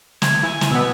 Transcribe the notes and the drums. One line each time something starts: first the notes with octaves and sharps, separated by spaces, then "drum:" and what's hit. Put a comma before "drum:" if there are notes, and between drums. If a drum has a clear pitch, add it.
G#6, drum: snare
E4 G#5
drum: snare
B2 B3 E6